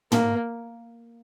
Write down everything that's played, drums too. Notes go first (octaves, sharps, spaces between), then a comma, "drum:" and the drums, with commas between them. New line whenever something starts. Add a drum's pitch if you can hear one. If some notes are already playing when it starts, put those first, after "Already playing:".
A#3, drum: tom